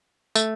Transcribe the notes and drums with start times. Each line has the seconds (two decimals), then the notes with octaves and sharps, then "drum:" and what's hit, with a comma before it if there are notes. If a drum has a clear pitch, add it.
0.35 A3, drum: tambourine